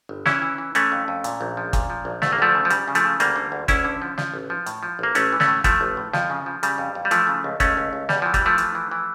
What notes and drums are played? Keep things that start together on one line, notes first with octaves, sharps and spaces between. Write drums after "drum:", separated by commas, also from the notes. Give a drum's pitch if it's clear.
G1
E3 C#4 E4, drum: snare
E3
E3
E3 A3 C#4, drum: hi-hat
F2
F2
A#2, drum: hi-hat
A#1
F3
A#2, drum: kick, hi-hat
F3
A#1
D2 A3, drum: snare
A#3
D2 F3 A3
C#3
F3
C#3 G3, drum: hi-hat
C#3
F3 A3, drum: hi-hat
C#3
D2 G3 A#3, drum: hi-hat
D3
D2
D2 C#4 E4, drum: kick, hi-hat
D3
F3
F3, drum: snare
A1
F3
A2, drum: hi-hat
F3
A1 A#3
A1 A3 C#4, drum: hi-hat
E3
A3 C#4, drum: snare
A2
A2 F3 A3, drum: kick, hi-hat
A1
A2
F2 F3, drum: snare
C#3
F3
C#3 G3, drum: hi-hat
F2
F2
G3
E3 F3 A3, drum: hi-hat
C#3
C#2
C#2 A3 C#4, drum: kick, hi-hat
C#2
C#2
E2 G3, drum: snare
E3 F3
G3, drum: kick, hi-hat
E3 F3 A3
E3, drum: hi-hat
E3
E3